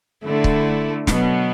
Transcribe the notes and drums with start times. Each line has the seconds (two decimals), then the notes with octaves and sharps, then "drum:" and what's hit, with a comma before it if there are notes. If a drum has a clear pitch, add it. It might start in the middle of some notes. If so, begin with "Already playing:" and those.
0.23 D3 A3 E4
0.44 drum: kick C#1
1.07 B2 F#3 B3, drum: snare